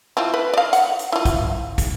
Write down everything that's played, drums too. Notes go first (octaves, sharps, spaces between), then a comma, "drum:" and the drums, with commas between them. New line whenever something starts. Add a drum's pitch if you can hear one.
C4 E4 F4
B4
D5 F5
F#5, drum: hi-hat
drum: hi-hat
E4 F4
drum: kick, hi-hat
drum: kick, hi-hat